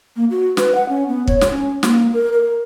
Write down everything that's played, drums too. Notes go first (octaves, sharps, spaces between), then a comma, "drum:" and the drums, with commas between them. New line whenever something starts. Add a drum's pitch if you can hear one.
A#3
F#4
B4, drum: snare
F#5
C#4
B3
C#5, drum: kick
drum: snare
C#4
A#3, drum: snare
A#4
A#4